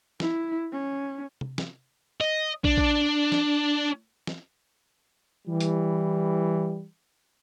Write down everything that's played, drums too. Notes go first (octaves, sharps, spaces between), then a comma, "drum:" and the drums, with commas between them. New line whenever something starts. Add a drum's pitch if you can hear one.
E4, drum: snare
C#4
drum: tom C3
drum: snare
D#5
D4, drum: kick
drum: kick
drum: snare
drum: snare
E3 G3
drum: hi-hat